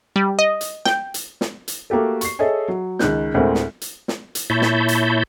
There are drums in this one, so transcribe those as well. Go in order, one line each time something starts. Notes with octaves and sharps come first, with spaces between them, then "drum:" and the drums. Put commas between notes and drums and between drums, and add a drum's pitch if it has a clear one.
G3
D#5
drum: hi-hat
G5, drum: snare
drum: hi-hat
drum: snare
drum: hi-hat
A3 A#3 F#4 G4 A4
C#6 C7, drum: hi-hat
G#4 A4 C#5 D#5 E5 G#5
F#3
C#2 D#3 F#6 G6, drum: snare
D2 A2 G#3 C4 A#4
drum: snare
drum: hi-hat
drum: snare
drum: hi-hat
A#2 E4 C#5 A5 B5 G6
drum: snare
drum: hi-hat